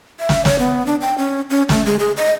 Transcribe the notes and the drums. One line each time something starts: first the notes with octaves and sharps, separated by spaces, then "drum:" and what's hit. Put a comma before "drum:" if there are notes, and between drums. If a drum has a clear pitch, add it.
E5
drum: snare
C#5, drum: snare
B3
D4
G5
C#4
C#4
A3, drum: snare
G#3
G#4
D#5